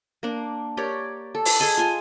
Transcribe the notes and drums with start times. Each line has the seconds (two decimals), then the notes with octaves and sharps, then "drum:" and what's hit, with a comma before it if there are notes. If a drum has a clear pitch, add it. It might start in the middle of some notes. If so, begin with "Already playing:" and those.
0.23 A#3 D4
0.77 G4 A#4 C#5 D5
1.35 A4
1.45 drum: open hi-hat
1.60 G#4 A4 D#5 A5
1.77 F4 G#5